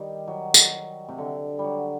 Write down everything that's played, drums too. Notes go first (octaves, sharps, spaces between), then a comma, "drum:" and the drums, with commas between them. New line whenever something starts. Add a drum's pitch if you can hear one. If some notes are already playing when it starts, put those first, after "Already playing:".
Already playing: D#3 G3
F#3
drum: tambourine
C3
D3
G3
F#3